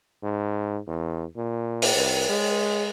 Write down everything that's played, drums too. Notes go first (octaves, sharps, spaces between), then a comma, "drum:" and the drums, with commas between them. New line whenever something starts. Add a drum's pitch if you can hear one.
G#2
E2
A#2
drum: open hi-hat
C2
G#3